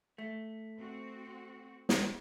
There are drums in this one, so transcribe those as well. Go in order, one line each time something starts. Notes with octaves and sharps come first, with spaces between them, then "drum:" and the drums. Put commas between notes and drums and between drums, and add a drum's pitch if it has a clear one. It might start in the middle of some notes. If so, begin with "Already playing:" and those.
A3
C4 F#4
drum: snare